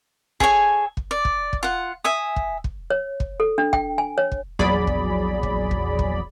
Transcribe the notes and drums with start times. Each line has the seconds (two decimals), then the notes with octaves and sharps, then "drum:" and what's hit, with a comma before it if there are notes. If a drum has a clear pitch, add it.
0.40 G#4 A4 C#5 G#5, drum: kick
0.97 drum: kick
1.11 D5
1.25 drum: kick
1.53 drum: kick
1.63 F4 F#5
2.04 E5 G#5 D#6
2.36 drum: kick
2.64 drum: kick
2.90 C#5
3.20 drum: kick
3.40 A4
3.58 D4
3.73 G5, drum: kick
3.98 G#5
4.18 C#5
4.32 drum: kick
4.59 A#1 E2 F#3 G#4 D5 B5, drum: kick
4.87 drum: kick
5.43 drum: kick
5.71 drum: kick
5.99 drum: kick